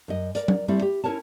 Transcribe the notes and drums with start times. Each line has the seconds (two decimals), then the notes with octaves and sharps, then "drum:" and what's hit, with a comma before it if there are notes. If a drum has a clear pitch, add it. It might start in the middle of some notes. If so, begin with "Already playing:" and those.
0.08 F#2 D#5
0.35 A#4 D5, drum: hi-hat
0.48 drum: tom F#3
0.68 G3 A3 C4 E4 D5
0.82 G4
1.04 C#4 E4 F#4 A#4 C#5 A5